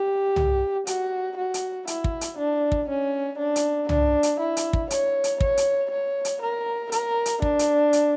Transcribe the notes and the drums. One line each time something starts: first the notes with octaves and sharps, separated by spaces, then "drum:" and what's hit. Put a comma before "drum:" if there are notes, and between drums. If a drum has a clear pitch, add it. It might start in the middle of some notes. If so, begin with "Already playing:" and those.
Already playing: G4
drum: tom C2
F#4, drum: hi-hat
F#4
drum: hi-hat
E4, drum: hi-hat
drum: kick
drum: hi-hat
D4
drum: kick
C#4
D4
drum: hi-hat
D4, drum: tom C2
drum: hi-hat
E4
drum: hi-hat
drum: kick
C#5, drum: hi-hat
drum: hi-hat
C#5, drum: kick
drum: hi-hat
C#5
drum: hi-hat
A#4
A#4, drum: hi-hat
drum: hi-hat
D4, drum: kick
drum: hi-hat
drum: hi-hat